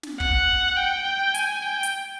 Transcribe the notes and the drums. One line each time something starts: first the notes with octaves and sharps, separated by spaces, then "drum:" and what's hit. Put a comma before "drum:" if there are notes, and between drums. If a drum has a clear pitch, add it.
drum: snare
F#5, drum: kick
G5
G#5, drum: hi-hat
G5
drum: hi-hat